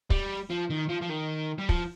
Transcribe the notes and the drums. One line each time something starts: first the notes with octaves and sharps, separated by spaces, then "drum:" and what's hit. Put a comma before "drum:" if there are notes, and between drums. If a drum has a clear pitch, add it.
G3, drum: kick
F3
D#3
F3
F3
D#3
G3
F3, drum: kick